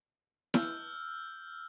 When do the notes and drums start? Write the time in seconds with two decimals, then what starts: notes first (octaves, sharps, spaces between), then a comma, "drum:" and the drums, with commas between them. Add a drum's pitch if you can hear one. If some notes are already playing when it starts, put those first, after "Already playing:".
0.54 E6 F6 G6, drum: snare E4